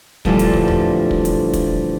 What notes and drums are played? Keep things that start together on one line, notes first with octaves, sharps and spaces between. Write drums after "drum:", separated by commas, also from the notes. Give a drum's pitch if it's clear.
A#2 D3 E3 F3 G3 A3, drum: kick
drum: hi-hat
drum: kick
drum: tom E2
drum: kick
drum: hi-hat
drum: kick, hi-hat